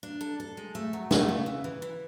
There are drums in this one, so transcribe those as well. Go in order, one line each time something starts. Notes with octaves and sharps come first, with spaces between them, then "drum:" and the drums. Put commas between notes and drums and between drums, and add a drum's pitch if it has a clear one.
D4
A4
A4
G#3
A3
F#3
A3, drum: snare
C#3
E3
E3
E3